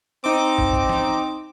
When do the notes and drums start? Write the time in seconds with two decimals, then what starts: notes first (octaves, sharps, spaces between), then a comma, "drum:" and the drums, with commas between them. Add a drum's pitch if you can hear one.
0.24 C4 D#4 D6
0.58 drum: kick
0.73 drum: kick
0.89 drum: snare